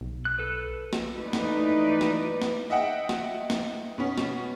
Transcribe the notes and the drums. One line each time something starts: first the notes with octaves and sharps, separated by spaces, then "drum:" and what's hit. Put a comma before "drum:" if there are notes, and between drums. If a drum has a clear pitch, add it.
B1
F#6
A4 B4
drum: snare
E3 A3 D#4 B4 D5
drum: snare
drum: snare
drum: snare
D#5 E5 F#5 G5
drum: snare
drum: snare
B2 B3 C#4
drum: snare